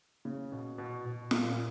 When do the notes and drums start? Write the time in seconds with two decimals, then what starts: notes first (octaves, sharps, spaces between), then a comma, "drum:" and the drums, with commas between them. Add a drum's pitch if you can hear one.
0.25 C#3
0.52 B2
0.78 B2
1.05 B2
1.31 A#2, drum: snare
1.51 A#2